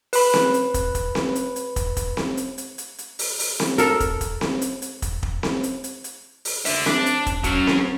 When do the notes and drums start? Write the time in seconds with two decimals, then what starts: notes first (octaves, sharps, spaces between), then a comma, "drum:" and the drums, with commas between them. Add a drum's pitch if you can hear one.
0.13 B4 B5, drum: open hi-hat
0.34 drum: snare C4
0.54 drum: hi-hat
0.74 drum: kick, hi-hat
0.95 drum: kick, hi-hat
1.15 drum: snare C4
1.35 drum: hi-hat
1.56 drum: hi-hat
1.76 drum: kick, hi-hat
1.97 drum: kick, hi-hat
2.17 drum: snare C4
2.37 drum: hi-hat
2.58 drum: hi-hat
2.78 drum: hi-hat
2.98 drum: hi-hat
3.19 drum: open hi-hat
3.39 drum: open hi-hat
3.60 drum: snare C4
3.78 A4 A#4, drum: hi-hat
4.00 drum: kick, hi-hat
4.21 drum: kick, hi-hat
4.41 drum: snare C4
4.62 drum: hi-hat
4.82 drum: hi-hat
5.02 drum: kick, hi-hat
5.23 drum: kick
5.43 drum: snare C4
5.63 drum: hi-hat
5.84 drum: hi-hat
6.04 drum: hi-hat
6.45 drum: open hi-hat
6.65 D4 E5, drum: open hi-hat
6.86 D4, drum: snare C4
7.06 drum: hi-hat
7.26 drum: kick, hi-hat
7.44 F#3 C#4, drum: kick, hi-hat
7.67 drum: snare C4